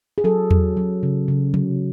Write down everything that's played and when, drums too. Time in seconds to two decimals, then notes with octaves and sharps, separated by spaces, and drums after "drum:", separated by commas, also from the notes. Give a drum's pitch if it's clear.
0.18 G#4
0.24 F#3 A4
0.51 F#3, drum: tom E2
0.77 F#3
1.03 C#3
1.28 C#3
1.54 F#3, drum: tom C3